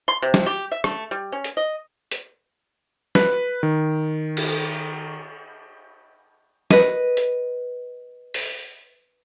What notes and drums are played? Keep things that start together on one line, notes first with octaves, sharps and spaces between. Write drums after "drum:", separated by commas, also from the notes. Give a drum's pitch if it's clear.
C6
C3
drum: snare
G4
E5
A3, drum: rim click
G3
C#4
drum: hi-hat
D#5
drum: hi-hat
B4, drum: snare
D#3
drum: cymbal
B4 D#5, drum: snare
drum: hi-hat
drum: open hi-hat